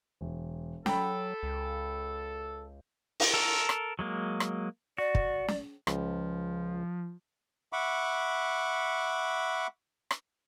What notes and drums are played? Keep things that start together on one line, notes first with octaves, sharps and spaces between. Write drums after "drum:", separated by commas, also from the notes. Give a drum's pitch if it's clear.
E1
F#3 A4 G5 B5, drum: snare
C#2
drum: open hi-hat
A4 A#4
drum: rim click
F#3 G#3 A#3
drum: rim click
F#4 D5
drum: kick
drum: snare
C#2 F3, drum: rim click
E5 F#5 B5 C#6 D6
drum: rim click